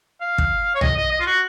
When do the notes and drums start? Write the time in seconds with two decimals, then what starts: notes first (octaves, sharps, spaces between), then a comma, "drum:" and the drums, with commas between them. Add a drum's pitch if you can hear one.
0.21 F5
0.38 drum: kick
0.75 C#5
0.81 D#5, drum: tom
0.97 D#5
1.11 D#5
1.20 F4
1.26 F#4